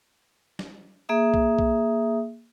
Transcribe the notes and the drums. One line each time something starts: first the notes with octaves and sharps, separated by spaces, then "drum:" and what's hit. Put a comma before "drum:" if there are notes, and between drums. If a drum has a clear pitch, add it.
drum: snare
A#3 G#4 E5 D#6
drum: kick
drum: kick